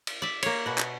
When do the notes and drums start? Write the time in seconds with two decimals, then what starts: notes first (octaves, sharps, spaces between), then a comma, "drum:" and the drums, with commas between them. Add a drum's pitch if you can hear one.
0.07 drum: cymbal
0.22 D5 E5
0.42 A#3 C#5, drum: cymbal
0.66 B2 F#4
0.78 drum: clap